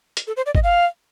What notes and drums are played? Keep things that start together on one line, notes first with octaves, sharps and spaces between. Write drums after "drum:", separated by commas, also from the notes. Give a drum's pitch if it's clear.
drum: hi-hat
A4
C5
D5
D#5, drum: kick
F5